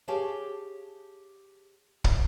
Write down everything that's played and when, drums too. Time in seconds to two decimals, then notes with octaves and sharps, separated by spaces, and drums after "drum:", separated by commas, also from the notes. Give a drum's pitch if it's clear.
0.08 G4 G#4 C#5 F5 G#5 A5
2.04 drum: kick